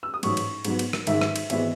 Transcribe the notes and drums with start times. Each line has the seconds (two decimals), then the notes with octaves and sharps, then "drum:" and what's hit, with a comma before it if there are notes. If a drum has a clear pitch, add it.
0.03 E6
0.14 D#6
0.23 A1 G#2 F#3 C#6, drum: cymbal
0.37 drum: cymbal
0.65 G#2 F#3 B3, drum: cymbal
0.79 drum: cymbal
0.93 drum: rim click
1.07 G#2 D#3 G#3 E5, drum: cymbal
1.21 drum: rim click
1.36 drum: cymbal
1.50 G#1 E3 G#3 B3 E5, drum: cymbal